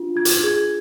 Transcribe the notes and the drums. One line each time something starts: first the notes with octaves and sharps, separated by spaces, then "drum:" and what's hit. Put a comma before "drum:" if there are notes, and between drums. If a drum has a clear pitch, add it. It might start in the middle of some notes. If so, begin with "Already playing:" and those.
Already playing: D4 F4
F4 G#6
drum: hi-hat
G#4 G#6